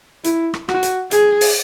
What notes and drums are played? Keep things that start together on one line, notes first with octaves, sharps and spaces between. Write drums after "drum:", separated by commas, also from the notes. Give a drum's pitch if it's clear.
E4, drum: hi-hat
drum: rim click
F#4, drum: rim click
drum: hi-hat
G#4, drum: hi-hat
drum: open hi-hat